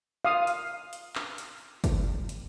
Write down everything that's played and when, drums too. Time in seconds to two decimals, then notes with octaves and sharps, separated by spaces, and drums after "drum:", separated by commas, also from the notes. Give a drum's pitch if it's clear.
0.25 F5 D#6
0.47 drum: hi-hat
0.93 drum: hi-hat
1.15 drum: clap
1.38 drum: hi-hat
1.84 drum: kick, hi-hat
2.29 drum: hi-hat